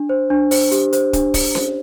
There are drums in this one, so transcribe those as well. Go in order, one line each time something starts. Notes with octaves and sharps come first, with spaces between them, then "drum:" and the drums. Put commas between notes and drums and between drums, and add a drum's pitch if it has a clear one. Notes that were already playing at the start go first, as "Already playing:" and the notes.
Already playing: D4
C5
D4
C5, drum: open hi-hat
G4, drum: hi-hat
C5, drum: hi-hat
D4, drum: kick, hi-hat
D4, drum: kick, open hi-hat
C5, drum: snare C#4